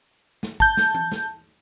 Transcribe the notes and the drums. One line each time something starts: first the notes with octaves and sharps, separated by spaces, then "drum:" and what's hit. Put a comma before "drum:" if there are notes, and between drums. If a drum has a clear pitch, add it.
drum: snare
A5 G6, drum: kick
drum: snare
drum: tom E3
drum: snare